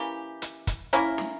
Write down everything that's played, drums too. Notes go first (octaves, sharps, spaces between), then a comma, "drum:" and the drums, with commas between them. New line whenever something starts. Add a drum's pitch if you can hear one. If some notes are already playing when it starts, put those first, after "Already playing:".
Already playing: E3 A#3 C#4 G4
drum: hi-hat
drum: kick, hi-hat
A#3 C#4 E4 A#4, drum: hi-hat
drum: snare